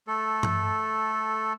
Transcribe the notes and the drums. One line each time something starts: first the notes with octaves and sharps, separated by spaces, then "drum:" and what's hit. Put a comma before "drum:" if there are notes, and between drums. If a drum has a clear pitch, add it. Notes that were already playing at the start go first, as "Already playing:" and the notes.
A3 A4
drum: tom G2